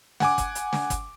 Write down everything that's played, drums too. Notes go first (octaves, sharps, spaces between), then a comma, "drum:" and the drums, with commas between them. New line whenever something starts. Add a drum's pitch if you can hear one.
F#5 G#5 D6, drum: snare
drum: kick, hi-hat
drum: hi-hat
drum: snare
drum: kick, hi-hat